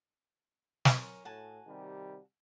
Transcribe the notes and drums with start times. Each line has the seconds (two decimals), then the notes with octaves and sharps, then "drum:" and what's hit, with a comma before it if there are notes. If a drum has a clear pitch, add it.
0.85 A#4 C#5 G#5, drum: snare
1.25 A2 F#4 G#5 A5
1.68 C3 D#3 G3